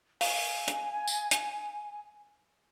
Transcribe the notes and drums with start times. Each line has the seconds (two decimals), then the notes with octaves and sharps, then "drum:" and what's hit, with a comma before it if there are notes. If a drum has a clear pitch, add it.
0.21 F5 G#5, drum: open hi-hat
0.68 drum: hi-hat
1.07 drum: tambourine
1.31 drum: hi-hat